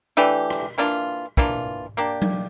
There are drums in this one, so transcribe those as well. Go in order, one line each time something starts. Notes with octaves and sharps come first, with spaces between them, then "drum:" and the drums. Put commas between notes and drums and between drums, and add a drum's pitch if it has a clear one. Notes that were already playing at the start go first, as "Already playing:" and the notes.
E3 A3 D4 G4
drum: rim click
E3 A#3 D4 F4
E3 A#3 D4 F4, drum: kick
A#3 D4 G4
drum: tom F#3